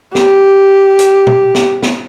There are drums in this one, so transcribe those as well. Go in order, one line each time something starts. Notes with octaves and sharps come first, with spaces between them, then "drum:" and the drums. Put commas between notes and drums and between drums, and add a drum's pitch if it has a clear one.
G4, drum: snare
drum: hi-hat
drum: tom
drum: snare
drum: snare